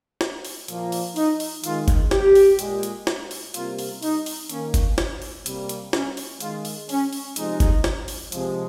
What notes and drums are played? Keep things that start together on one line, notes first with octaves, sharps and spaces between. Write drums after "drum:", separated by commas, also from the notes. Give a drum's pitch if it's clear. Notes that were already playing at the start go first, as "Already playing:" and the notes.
drum: snare
drum: open hi-hat
A#2 F3 A#3, drum: hi-hat
drum: open hi-hat
D#4, drum: open hi-hat
drum: open hi-hat
D#3 G#3 F4, drum: hi-hat
drum: kick F#1, hi-hat
G4, drum: snare
drum: open hi-hat
A#2 G#3, drum: hi-hat
drum: hi-hat
drum: snare
drum: open hi-hat
C3 G3 A#3 F4, drum: hi-hat
drum: open hi-hat
D#4, drum: open hi-hat
drum: open hi-hat
D#3 A#3 C#4, drum: hi-hat
drum: kick F#1, hi-hat
drum: snare
drum: open hi-hat
C3 G3 A#3, drum: hi-hat
drum: hi-hat
C#4, drum: snare
drum: open hi-hat
D#3 G#3 F4, drum: hi-hat
drum: open hi-hat
C#4, drum: open hi-hat
drum: open hi-hat
C3 F3 G#3 D#4, drum: hi-hat
drum: kick F#1, hi-hat
drum: snare
drum: open hi-hat
C3 F3 G#3, drum: hi-hat